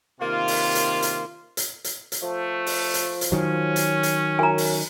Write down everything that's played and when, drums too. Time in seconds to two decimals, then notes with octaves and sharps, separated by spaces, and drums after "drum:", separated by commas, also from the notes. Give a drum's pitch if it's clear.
0.20 C3 D#3 A#3 F4
0.48 drum: open hi-hat
0.75 drum: hi-hat
1.02 drum: hi-hat
1.57 drum: hi-hat
1.84 drum: hi-hat
2.12 drum: hi-hat
2.22 F3 A3
2.66 drum: open hi-hat
2.94 drum: hi-hat
3.21 drum: hi-hat
3.32 D#3 F#3 C#4
3.76 drum: hi-hat
4.03 drum: hi-hat
4.39 F#2 G#5 A#5
4.58 drum: open hi-hat